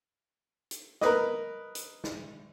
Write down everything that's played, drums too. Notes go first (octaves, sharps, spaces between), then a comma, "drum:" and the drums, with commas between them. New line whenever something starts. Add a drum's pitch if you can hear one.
drum: hi-hat
A#4 B4 D#5, drum: snare
drum: hi-hat
drum: snare